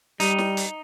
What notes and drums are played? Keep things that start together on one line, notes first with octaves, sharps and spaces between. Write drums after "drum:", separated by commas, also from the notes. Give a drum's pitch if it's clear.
G3 D#4, drum: hi-hat
drum: snare
drum: hi-hat